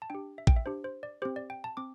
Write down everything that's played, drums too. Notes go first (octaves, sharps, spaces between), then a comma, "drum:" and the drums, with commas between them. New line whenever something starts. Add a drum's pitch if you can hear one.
A5
D4 G4 G5
E5
G5, drum: kick A1
E5
D4 G4 C5
C5
D5
C4 G4 C5
D5
G5
A5
C4 D6